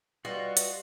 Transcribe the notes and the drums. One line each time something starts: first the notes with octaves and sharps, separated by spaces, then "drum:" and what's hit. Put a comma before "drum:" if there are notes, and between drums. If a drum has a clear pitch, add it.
G3 F4 F#4 B4 D#5
drum: hi-hat